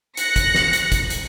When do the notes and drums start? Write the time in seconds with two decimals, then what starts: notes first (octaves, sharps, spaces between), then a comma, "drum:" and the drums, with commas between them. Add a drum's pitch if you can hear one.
0.17 F#6 A#6 C#7, drum: hi-hat
0.36 drum: kick, hi-hat
0.55 drum: snare
0.73 drum: hi-hat
0.92 drum: kick, hi-hat
1.10 drum: hi-hat